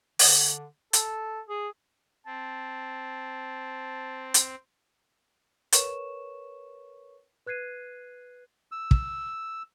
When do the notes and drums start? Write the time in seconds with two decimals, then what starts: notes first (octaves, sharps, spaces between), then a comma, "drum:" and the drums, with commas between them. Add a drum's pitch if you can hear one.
0.19 D3, drum: open hi-hat
0.93 A4, drum: hi-hat
1.49 G#4
2.26 C4 A5
4.34 drum: hi-hat
5.72 A#4 B4 C#5 C#6 E7, drum: hi-hat
7.46 B4 F#6 G#6 C7 D#7
8.72 E6
8.91 drum: kick